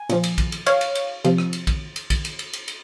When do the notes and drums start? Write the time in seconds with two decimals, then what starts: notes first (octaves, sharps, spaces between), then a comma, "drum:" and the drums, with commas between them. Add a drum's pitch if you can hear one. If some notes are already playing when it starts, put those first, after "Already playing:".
Already playing: G#5
0.09 A#2 F3, drum: cymbal
0.24 drum: cymbal
0.38 drum: kick, cymbal
0.52 drum: cymbal
0.66 C#5 F5, drum: cymbal
0.81 drum: cymbal
0.95 drum: cymbal
1.25 C3 F3, drum: cymbal
1.38 drum: rim click
1.53 drum: cymbal
1.67 drum: kick, cymbal
1.96 drum: cymbal
2.10 drum: kick, cymbal
2.25 drum: cymbal
2.39 drum: cymbal
2.53 drum: cymbal
2.68 drum: cymbal